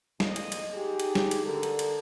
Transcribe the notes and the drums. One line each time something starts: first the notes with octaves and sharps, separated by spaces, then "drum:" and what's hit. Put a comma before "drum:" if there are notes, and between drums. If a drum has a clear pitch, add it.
F2 A#2 G#3 A#3 D#5, drum: snare
drum: cymbal
drum: cymbal
D#4 G4 G#4
drum: cymbal
drum: snare
drum: cymbal
D3 A4 A#4
drum: cymbal
drum: cymbal